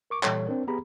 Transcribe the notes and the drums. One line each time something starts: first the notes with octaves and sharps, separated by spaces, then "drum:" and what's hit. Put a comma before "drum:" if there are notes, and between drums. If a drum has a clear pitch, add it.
A#4 C#6 D6
A#2 E3 G3 A4 C#5, drum: clap
C4 D4 A#4
B3 G4 G#4 A#5 B5